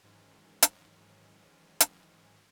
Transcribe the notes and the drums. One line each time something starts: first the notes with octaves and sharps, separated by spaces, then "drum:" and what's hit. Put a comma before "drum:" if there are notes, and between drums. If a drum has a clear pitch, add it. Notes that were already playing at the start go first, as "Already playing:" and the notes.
G#2 D#3 E3 F#3 G#3 C#4
drum: hi-hat
drum: hi-hat